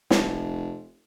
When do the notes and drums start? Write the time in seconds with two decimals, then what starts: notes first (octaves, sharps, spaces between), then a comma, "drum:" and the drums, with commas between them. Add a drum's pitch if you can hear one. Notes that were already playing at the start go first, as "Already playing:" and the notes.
0.11 F1, drum: snare